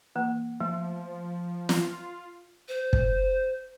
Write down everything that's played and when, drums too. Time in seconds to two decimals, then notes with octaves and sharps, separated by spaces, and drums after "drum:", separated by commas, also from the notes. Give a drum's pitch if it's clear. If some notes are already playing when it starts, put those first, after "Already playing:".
0.15 E3 A#3
0.60 F3 A3
1.69 F4, drum: snare
2.68 C5
2.93 drum: kick